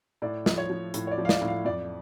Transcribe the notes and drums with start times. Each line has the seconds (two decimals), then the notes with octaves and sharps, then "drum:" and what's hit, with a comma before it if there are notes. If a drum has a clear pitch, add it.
0.22 A2 D5
0.46 F3, drum: snare
0.58 C#5
0.70 F3
0.94 A2, drum: hi-hat
1.07 C#5
1.11 D5
1.18 F3
1.25 F5
1.29 D5, drum: snare
1.41 A2
1.48 F5
1.65 F2 D5